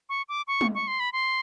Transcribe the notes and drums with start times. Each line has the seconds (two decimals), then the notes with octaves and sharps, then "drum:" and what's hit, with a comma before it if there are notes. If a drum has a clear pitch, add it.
0.09 C#6
0.29 D6
0.47 C#6
0.61 drum: tom
0.75 C#6
0.88 C6
1.00 B5
1.13 C6